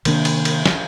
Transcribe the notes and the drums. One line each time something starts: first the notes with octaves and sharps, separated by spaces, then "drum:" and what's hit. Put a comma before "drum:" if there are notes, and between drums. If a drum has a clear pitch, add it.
C3 D#3 A#3 D4, drum: cymbal
drum: cymbal
drum: cymbal
drum: snare